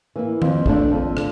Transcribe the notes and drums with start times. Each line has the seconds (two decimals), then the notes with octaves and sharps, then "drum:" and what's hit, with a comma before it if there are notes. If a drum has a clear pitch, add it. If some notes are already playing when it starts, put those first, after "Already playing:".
0.16 E3 A#3 E4
0.42 F2, drum: tom
0.66 D3 A3 D4, drum: kick
0.92 F2
1.17 D3, drum: rim click